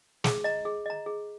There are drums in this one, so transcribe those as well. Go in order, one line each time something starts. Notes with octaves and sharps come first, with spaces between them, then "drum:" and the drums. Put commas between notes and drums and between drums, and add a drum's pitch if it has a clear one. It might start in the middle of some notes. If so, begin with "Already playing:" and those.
G#4, drum: snare
D#5 A#5
G#4
D#5 A#5
G#4